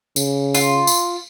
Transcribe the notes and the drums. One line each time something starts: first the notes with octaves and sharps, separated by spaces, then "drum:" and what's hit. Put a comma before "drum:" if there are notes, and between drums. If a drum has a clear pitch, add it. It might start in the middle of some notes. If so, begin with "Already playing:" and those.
C#3, drum: tambourine
F4, drum: tambourine
drum: tambourine